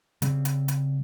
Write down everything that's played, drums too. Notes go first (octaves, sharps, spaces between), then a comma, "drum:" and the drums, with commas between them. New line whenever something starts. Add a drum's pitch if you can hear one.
C#3 G3 C4, drum: hi-hat
drum: hi-hat
drum: hi-hat